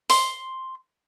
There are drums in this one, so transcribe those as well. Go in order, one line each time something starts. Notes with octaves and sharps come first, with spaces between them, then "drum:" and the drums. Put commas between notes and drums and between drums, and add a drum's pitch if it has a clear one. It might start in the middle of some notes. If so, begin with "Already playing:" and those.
C6, drum: open hi-hat